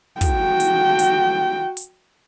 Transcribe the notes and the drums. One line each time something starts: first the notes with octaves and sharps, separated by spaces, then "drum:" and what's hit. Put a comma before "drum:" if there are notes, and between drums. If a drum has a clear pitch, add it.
F#4 G5, drum: kick, hi-hat
drum: hi-hat
drum: hi-hat
drum: hi-hat